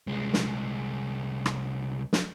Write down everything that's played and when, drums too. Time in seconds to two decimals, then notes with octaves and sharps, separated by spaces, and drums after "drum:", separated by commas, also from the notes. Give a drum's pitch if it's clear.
0.07 C2 G#3
0.34 drum: snare
1.46 drum: rim click
2.13 drum: snare